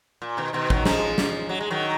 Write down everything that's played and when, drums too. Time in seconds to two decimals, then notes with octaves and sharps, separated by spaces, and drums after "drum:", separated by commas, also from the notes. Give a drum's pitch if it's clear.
0.22 A#2
0.37 B2 D#3
0.53 B2 D#3
0.70 D#3 F#3, drum: kick
0.85 F3 G#3, drum: snare
1.18 drum: snare
1.49 F#3
1.60 G#3
1.70 D#3 F#3